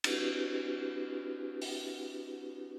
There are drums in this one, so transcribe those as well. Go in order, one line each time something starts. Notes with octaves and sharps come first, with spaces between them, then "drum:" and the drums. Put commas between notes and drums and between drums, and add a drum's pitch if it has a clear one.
C4 D4 E4 F#4 G4 B4, drum: cymbal
drum: open hi-hat